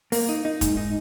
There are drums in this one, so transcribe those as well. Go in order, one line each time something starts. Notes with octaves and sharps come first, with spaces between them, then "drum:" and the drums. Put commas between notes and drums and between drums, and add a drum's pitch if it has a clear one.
A#3, drum: open hi-hat
D#4
D#4
G#2, drum: kick, hi-hat
D#4